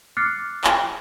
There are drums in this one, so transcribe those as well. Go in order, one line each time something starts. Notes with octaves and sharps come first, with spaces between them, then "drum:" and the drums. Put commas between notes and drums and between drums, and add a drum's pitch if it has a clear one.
D6 F6 F#6 A6 C7 C#7
drum: clap